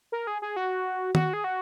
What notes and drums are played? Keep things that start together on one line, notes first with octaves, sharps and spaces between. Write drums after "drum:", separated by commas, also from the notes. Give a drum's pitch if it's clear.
A#4
G#4
G#4
F#4
F#4, drum: tom D#3
G#4
F#4